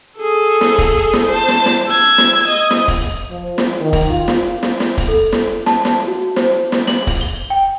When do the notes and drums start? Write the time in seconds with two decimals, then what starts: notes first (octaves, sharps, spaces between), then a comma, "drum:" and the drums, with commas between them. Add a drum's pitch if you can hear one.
0.17 G#4 A4
0.61 drum: snare
0.78 drum: kick, open hi-hat
1.13 drum: snare
1.28 C5 A5
1.48 drum: snare
1.66 drum: snare
1.88 E6 G#6
2.18 drum: snare
2.48 D#5
2.71 drum: snare
2.88 drum: kick, open hi-hat
3.30 F3
3.58 drum: snare
3.81 D#3
3.93 drum: kick, open hi-hat
4.10 F4
4.28 drum: snare
4.63 drum: snare
4.80 drum: snare
4.98 drum: kick, open hi-hat
5.08 A4
5.33 drum: snare
5.66 A5, drum: snare
5.85 drum: snare
6.08 F#4
6.36 C5, drum: snare
6.72 drum: snare
6.87 F#7, drum: snare
7.07 drum: kick, open hi-hat
7.21 G7
7.50 G5